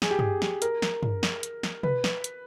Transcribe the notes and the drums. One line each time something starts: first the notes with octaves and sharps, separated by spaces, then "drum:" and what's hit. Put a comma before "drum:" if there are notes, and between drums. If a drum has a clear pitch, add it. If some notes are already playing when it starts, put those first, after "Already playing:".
G#4, drum: snare
G4
G#4, drum: tom
drum: snare
A#4, drum: hi-hat
drum: snare
drum: tom
drum: snare
drum: hi-hat
drum: snare
B4, drum: tom
drum: snare
drum: hi-hat